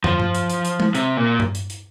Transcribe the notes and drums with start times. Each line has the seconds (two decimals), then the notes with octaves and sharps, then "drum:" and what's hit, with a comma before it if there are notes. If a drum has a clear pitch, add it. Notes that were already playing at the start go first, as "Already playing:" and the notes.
0.04 F3, drum: tom
0.20 drum: tom G2
0.35 drum: hi-hat
0.50 drum: hi-hat
0.65 drum: hi-hat
0.80 drum: tom G#3
0.95 C3, drum: hi-hat
1.17 A#2
1.40 drum: tom G2
1.55 drum: hi-hat
1.70 drum: hi-hat